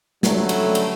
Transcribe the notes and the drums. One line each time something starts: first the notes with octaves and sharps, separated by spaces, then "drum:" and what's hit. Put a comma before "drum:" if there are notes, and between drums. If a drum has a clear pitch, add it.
C#2 D3 F#3 G3 A3, drum: snare
drum: cymbal
drum: cymbal